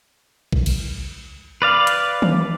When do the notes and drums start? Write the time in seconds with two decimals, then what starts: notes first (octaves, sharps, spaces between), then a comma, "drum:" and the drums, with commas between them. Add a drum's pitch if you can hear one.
0.52 drum: kick A#1
0.66 drum: cymbal
1.62 B4 D5 F5
1.87 drum: hi-hat
2.22 drum: tom D#3